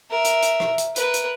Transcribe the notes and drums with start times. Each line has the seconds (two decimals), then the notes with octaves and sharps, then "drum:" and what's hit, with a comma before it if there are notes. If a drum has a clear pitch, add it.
0.11 A#4 E5
0.24 drum: hi-hat
0.42 drum: hi-hat
0.60 drum: rim click
0.78 drum: hi-hat
0.96 A#4 B4, drum: hi-hat
1.14 drum: hi-hat